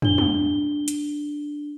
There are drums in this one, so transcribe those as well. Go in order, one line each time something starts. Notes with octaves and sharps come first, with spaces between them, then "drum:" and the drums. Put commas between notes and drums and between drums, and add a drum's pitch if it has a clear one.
D4 G7, drum: tom
drum: tom
drum: hi-hat